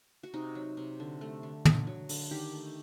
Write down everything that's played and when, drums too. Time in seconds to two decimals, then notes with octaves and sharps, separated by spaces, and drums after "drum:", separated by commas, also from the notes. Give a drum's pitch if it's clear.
0.23 F#4
0.34 C3 D#4
0.55 F#3
0.77 C3
1.00 D3
1.21 A3
1.43 D3
1.65 D3, drum: tom
1.87 F#3
2.09 D3, drum: open hi-hat
2.31 D#3 G4
2.53 A3